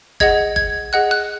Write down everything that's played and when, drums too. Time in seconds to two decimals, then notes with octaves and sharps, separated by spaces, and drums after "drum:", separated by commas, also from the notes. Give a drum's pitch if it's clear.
0.20 G#4 D#5 F#5 G#6, drum: kick G1
0.56 G#6, drum: kick G1
0.93 G#4 D#5 F#5 F#6
1.11 F#6